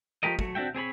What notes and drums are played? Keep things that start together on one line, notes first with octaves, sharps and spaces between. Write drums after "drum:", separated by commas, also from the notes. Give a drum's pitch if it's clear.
F3 A3 G4 A#4 D#5
F#3 A3, drum: kick
C4 D4 F#4 E5 G5
C4 G#4 C#5 B5